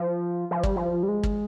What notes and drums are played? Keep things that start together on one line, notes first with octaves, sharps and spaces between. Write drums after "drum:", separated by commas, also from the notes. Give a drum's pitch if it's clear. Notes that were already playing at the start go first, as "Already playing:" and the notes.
Already playing: F3
F3
G3, drum: kick
F3
G3
G#3
drum: kick